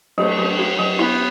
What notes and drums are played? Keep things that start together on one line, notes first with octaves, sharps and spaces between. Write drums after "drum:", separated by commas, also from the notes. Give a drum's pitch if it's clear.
F#3 A3, drum: cymbal
F#3
F#4
F#3
B3 E4